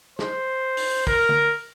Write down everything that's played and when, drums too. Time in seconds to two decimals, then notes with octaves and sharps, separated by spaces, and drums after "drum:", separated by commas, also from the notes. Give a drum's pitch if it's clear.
0.19 C5, drum: snare
0.77 drum: open hi-hat
1.07 A#4, drum: kick
1.29 drum: tom